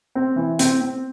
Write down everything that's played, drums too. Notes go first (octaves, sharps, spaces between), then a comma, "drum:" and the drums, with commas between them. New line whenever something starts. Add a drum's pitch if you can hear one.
C4
E3
C4, drum: hi-hat
C4